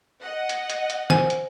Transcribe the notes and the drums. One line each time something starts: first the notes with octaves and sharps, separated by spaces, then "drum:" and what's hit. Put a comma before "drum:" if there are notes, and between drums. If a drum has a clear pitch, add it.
D#5 F#5
drum: hi-hat
drum: hi-hat
drum: hi-hat
C5 G#5, drum: snare
drum: hi-hat